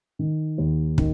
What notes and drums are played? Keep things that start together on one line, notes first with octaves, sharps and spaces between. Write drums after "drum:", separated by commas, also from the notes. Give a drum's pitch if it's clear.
D#3
D#2
D#3, drum: kick